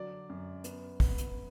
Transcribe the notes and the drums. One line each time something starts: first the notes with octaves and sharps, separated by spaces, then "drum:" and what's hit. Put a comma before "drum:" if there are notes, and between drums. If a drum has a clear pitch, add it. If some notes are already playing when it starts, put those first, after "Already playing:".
Already playing: D3 F#3 D5
F#2
B3, drum: hi-hat
B3, drum: kick, open hi-hat
drum: hi-hat